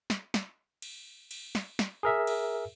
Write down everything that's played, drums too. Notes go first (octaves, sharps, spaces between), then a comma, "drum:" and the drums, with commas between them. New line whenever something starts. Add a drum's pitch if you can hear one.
drum: snare
drum: snare
drum: cymbal
drum: cymbal
drum: snare
drum: snare
G#4 A#4 E5
drum: cymbal